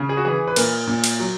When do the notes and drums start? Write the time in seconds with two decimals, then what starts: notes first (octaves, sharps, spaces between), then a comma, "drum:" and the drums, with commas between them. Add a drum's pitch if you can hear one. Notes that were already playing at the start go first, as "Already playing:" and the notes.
Already playing: C#3
0.09 G#4
0.17 F#4
0.25 E3 G#4
0.48 B4
0.56 A#2 A#4, drum: cymbal
0.87 A#2
1.04 drum: cymbal
1.20 F#3